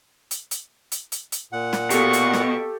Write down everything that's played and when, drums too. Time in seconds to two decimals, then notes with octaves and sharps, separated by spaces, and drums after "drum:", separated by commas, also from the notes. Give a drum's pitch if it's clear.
0.31 drum: hi-hat
0.51 drum: hi-hat
0.92 drum: hi-hat
1.12 drum: hi-hat
1.32 drum: hi-hat
1.53 A#2 F#5
1.73 drum: snare
1.90 B2 G4 A4 F5 C#6, drum: hi-hat
2.13 drum: hi-hat
2.34 drum: snare